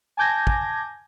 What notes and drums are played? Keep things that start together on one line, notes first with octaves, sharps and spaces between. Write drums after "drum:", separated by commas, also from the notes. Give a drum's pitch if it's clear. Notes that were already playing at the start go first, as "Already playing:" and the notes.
G#5 A5 D6 G6 G#6 A#6
drum: kick